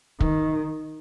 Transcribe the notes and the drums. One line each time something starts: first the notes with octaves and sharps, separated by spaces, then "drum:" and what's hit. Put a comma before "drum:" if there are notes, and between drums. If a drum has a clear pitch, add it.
D#3, drum: kick